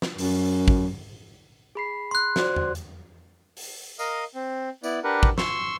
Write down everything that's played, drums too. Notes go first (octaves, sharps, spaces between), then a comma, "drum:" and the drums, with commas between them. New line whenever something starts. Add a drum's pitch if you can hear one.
drum: snare
F#2, drum: open hi-hat
drum: kick
G#4 B5 C7
C6 F#6
F#4 C5 D5, drum: snare
drum: tom E2
drum: hi-hat
drum: open hi-hat
A#4 D#5 F5 D#6, drum: tambourine
C4
B3 E4 D5, drum: tambourine
D4 G4 A#4 B4 F#5
drum: kick
C6 C#6 E6, drum: snare